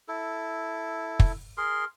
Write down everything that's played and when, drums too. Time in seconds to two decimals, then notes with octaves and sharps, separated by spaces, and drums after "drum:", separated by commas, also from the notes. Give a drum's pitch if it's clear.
0.08 E4 A4
1.20 drum: kick
1.57 G#4 A#4 C6